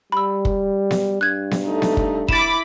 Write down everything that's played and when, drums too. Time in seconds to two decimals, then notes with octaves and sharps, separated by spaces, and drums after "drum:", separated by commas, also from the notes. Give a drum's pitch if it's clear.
0.12 G3 B5 E6
0.45 drum: kick
0.91 drum: snare B3
1.21 G2 F#6 G#6
1.51 drum: snare B3
1.66 A3 D#4
1.82 drum: snare B3
1.97 drum: kick
2.29 E4 B5 D6 A6 E7, drum: kick